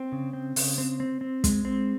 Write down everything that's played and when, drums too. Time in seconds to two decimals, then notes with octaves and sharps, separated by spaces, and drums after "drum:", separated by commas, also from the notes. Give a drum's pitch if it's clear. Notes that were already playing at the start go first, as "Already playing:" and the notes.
Already playing: C4
0.12 C#3
0.33 C4
0.56 C#3, drum: open hi-hat
0.78 C4
1.00 C4
1.21 C4
1.44 G#3, drum: kick, hi-hat
1.65 C4